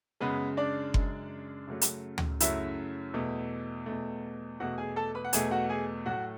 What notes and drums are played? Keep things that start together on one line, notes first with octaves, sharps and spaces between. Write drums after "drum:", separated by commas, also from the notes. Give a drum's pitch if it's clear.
F#2 C#3 G#3 B3 B4
D4 D5
F#2 C#3 G#3, drum: kick F#1
F#2 C#3 F#3 A3
drum: hi-hat
drum: tom D2
F#2 C#3 F#3 A3 E4 E5, drum: hi-hat
E2 B2 A3
E2 B2 A3
E2 B2 A3 F#4 F#5
G#4 G#5
A4 A5
B4 B5
F#5
E2 B2 A3 G#4 G#5, drum: hi-hat
F#4 F#5
G#4 G#5
A2 F#3 A3 F#4 F#5